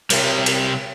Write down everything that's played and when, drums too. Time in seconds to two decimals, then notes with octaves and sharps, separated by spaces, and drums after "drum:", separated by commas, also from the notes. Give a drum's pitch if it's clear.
0.10 C3 G3, drum: cymbal
0.46 drum: cymbal